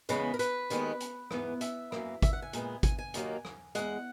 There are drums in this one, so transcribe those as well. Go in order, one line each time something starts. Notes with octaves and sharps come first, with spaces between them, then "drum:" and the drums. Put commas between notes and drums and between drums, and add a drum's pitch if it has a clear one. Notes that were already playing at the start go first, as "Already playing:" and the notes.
E2 C#3 G#3 B3 B4, drum: hi-hat
A#4
B4, drum: hi-hat
D#2 D#3 G#3 B3, drum: hi-hat
drum: hi-hat
G#2 E3 B3, drum: rim click
E5, drum: hi-hat
F#2 E3 A#3, drum: rim click
E5, drum: kick, hi-hat
F#5
G#5
A#2 G#3 B3, drum: hi-hat
G#5, drum: kick, hi-hat
G#5
D#2 D#3 F#3 A#3, drum: hi-hat
drum: rim click
E2 D#3 G#3 F#5, drum: hi-hat